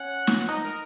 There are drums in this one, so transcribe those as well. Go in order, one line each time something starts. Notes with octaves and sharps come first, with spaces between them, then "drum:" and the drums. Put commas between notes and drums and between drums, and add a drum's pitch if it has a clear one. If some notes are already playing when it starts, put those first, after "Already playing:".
Already playing: C#4 F#5
drum: snare
D#4 D#5
A#4